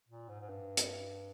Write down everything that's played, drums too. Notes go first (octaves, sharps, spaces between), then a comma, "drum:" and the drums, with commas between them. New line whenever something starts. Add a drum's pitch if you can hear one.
A#2
G#2
G#2
G2
drum: hi-hat